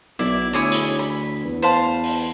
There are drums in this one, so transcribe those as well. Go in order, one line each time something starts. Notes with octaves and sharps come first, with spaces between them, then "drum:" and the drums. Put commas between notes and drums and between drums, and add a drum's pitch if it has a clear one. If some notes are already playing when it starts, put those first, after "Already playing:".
B1 E4 D5
D2 E4 G#4 C#5 D6
drum: hi-hat
B5
E2
B4 C5 F5 A5
drum: open hi-hat